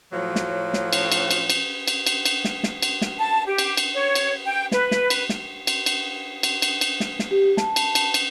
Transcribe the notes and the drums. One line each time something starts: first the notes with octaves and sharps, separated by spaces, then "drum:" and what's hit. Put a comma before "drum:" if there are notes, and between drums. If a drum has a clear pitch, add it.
A2 F3 F#3
drum: snare
drum: snare
drum: cymbal
drum: cymbal
drum: cymbal
drum: cymbal
drum: cymbal
drum: cymbal
drum: cymbal
drum: snare
drum: snare
drum: cymbal
drum: snare
A5
G4
drum: cymbal
drum: cymbal
C#5
drum: cymbal
G5
B4, drum: snare
drum: snare
drum: cymbal
drum: snare
drum: cymbal
drum: cymbal
drum: cymbal
drum: cymbal
drum: cymbal
drum: snare
drum: snare
G4
A5, drum: snare
drum: cymbal
drum: cymbal
drum: cymbal